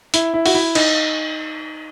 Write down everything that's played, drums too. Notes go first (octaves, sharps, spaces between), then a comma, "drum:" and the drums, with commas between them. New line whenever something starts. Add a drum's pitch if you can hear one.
E4, drum: hi-hat
E4
F#4, drum: open hi-hat
E4
D#4, drum: cymbal